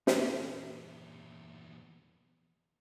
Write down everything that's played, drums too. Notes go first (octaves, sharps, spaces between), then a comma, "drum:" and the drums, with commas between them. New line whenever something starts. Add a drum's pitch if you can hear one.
E2 A#2, drum: snare